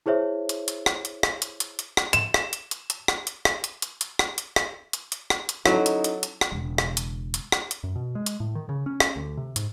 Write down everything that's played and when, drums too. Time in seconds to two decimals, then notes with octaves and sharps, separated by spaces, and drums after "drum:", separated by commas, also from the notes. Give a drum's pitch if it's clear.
0.06 E4 G#4 C5 C#5 E5
0.49 drum: hi-hat
0.68 drum: hi-hat
0.86 drum: rim click
1.05 drum: hi-hat
1.23 drum: rim click
1.42 drum: hi-hat
1.60 drum: hi-hat
1.79 drum: hi-hat
1.97 drum: rim click
2.13 E7, drum: hi-hat
2.34 drum: rim click
2.53 drum: hi-hat
2.71 drum: hi-hat
2.90 drum: hi-hat
3.08 drum: rim click
3.27 drum: hi-hat
3.45 drum: rim click
3.64 drum: hi-hat
3.82 drum: hi-hat
4.01 drum: hi-hat
4.19 drum: rim click
4.38 drum: hi-hat
4.56 drum: rim click
4.93 drum: hi-hat
5.12 drum: hi-hat
5.30 drum: rim click
5.49 drum: hi-hat
5.66 F#3 C#4 D#4 E4 A4, drum: rim click
5.86 drum: hi-hat
6.04 drum: hi-hat
6.23 drum: hi-hat
6.41 drum: rim click
6.51 E1 C#3
6.78 drum: rim click
6.97 drum: hi-hat
7.34 drum: hi-hat
7.52 drum: rim click
7.71 drum: hi-hat
7.83 F#2
7.96 B2
8.15 G#3
8.26 drum: hi-hat
8.40 A2
8.55 D#3
8.69 C#3
8.86 C#4
9.00 drum: rim click
9.16 D2
9.37 C3
9.56 G#2, drum: hi-hat